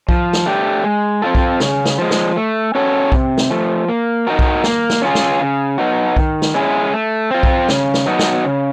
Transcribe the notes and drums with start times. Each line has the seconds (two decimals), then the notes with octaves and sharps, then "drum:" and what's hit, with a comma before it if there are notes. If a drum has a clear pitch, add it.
0.09 F3, drum: kick B1
0.33 drum: snare
0.46 A3 D4 G4
0.84 G#3
1.22 C4 F4 A4
1.35 drum: kick B1
1.60 C#3, drum: snare
1.85 drum: snare
1.98 F3 G#3
2.11 drum: snare
2.36 A3
2.75 C#4 F#4 A4 C#5
3.12 C3, drum: kick B1
3.38 drum: snare
3.50 F3 A3
3.88 A#3
4.27 D#4 F#4 A#4
4.39 drum: kick B1
4.64 A#3, drum: snare
4.90 drum: snare
5.02 C#4 F4 G#4
5.15 drum: snare
5.40 C#3
5.78 F#3 B3 D#4 F#4
6.17 D#3, drum: kick B1
6.42 drum: snare
6.54 G#3 C#4 E4 G#4
6.93 A3
7.31 C4 F4
7.43 drum: kick B1
7.69 C#3, drum: snare
7.94 drum: snare
8.06 F#3 B3 D#4 F#4
8.19 drum: snare
8.44 C#3